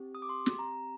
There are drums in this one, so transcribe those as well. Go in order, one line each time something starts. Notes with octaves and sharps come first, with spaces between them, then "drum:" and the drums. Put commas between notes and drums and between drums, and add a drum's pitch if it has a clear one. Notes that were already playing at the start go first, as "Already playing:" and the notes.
Already playing: C4 G4
D#6
D6
C6
drum: snare
A#5